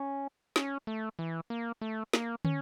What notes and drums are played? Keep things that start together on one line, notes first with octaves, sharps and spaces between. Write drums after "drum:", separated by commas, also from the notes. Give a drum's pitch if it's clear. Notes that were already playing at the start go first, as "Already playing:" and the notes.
Already playing: C#4
C#4, drum: snare
A3
E3
A#3
A3
A#3, drum: snare
C#4, drum: tom